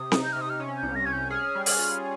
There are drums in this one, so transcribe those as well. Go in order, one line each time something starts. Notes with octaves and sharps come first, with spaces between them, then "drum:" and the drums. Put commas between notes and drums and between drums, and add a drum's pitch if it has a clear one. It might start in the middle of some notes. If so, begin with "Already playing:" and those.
Already playing: C3 D#6
D#4, drum: snare C4
G6
C3 F6
D#6
F6
C#4
G6
C2
A#6
C#4 G#6
G6
G#4 F6
G3
F6, drum: open hi-hat
F4